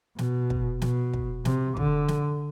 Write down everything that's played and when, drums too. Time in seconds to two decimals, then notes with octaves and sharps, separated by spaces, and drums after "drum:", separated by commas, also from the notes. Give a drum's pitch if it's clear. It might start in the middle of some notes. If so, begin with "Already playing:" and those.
0.19 B2, drum: snare
0.50 drum: kick
0.82 B2, drum: snare
1.13 drum: kick
1.45 C3, drum: snare
1.77 D3, drum: kick
2.08 drum: snare